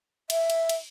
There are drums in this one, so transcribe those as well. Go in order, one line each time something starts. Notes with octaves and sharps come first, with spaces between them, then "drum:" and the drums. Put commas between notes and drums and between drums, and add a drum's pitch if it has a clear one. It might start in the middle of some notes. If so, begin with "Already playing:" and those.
E5, drum: cymbal
drum: cymbal
drum: cymbal